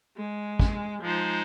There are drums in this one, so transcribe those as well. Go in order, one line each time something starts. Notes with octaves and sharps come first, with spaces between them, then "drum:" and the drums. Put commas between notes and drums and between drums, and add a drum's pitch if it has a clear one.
G#3
drum: kick
F3 G#3 D#4 C5